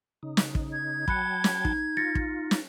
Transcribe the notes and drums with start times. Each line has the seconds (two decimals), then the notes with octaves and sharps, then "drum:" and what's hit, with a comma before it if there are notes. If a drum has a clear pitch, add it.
0.23 C#3 D#4
0.37 drum: snare
0.55 drum: kick
0.73 G#6
1.08 F#3 G5 A5 B5 F#6 C#7, drum: kick
1.44 drum: snare
1.65 D#4, drum: kick
1.97 F4 A6 A#6 C#7
2.15 drum: kick
2.51 drum: snare